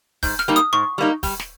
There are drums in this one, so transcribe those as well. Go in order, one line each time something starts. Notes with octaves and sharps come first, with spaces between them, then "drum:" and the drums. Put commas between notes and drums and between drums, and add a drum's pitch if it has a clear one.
G#2 G6, drum: kick, open hi-hat
F6, drum: snare
G3 A#3 D#4
D#6, drum: hi-hat
G#2 C#6
G3 A#3 D#4
G3, drum: kick, open hi-hat
drum: snare